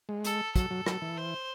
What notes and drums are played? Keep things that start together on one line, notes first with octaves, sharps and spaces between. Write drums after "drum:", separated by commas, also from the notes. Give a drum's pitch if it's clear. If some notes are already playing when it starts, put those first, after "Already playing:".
G#3
A4, drum: hi-hat
F#3 A4, drum: kick, hi-hat
F#3
F#3, drum: rim click
E3
C5